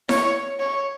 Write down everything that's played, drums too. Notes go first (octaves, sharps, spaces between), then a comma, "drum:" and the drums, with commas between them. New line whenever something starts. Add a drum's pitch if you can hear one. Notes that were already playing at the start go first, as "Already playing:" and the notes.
C#5, drum: snare E4
C#5